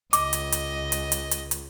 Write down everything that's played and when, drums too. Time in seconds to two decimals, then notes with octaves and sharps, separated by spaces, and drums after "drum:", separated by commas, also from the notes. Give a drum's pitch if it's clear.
0.13 C#2 D#5 D6, drum: hi-hat
0.33 drum: hi-hat
0.52 drum: hi-hat
0.92 drum: hi-hat
1.12 drum: hi-hat
1.31 drum: hi-hat
1.51 drum: hi-hat